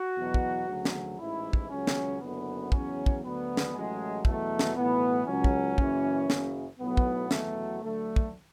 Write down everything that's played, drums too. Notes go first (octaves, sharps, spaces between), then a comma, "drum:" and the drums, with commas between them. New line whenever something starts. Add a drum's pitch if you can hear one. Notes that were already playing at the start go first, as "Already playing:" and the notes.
Already playing: F#4
E2 B2 F#3
drum: kick
D2 C#3 F#3
drum: snare
A1 G#2 E3 E4
drum: kick
C#2 C#3 F#3 C#4
drum: snare
F#1 F#2 D3 B3
E2 C#3 F#3 C#4, drum: kick
drum: kick
D2 D3 F#3 B3
drum: snare
A1 A2 F#3 G#3
E2 B2 F#3 A3, drum: kick
drum: snare
B1 A2 E3 B3
C#2 C#3 F#3 C#4
drum: kick
F#1 F#2 C#3 E3, drum: kick
F#1 F#2 C#3, drum: snare
B1 A2 F#3 B3
drum: kick
E2 B2 F#3 A3, drum: snare
D2 D3 F#3 A3
drum: kick